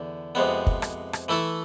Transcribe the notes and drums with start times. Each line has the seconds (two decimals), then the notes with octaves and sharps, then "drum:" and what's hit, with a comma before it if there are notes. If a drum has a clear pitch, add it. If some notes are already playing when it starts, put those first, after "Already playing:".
Already playing: E2 D3
0.35 F2 C3 G#3 B3
0.67 drum: kick
0.82 drum: rim click
1.13 drum: rim click
1.28 E3 A3 E4 A4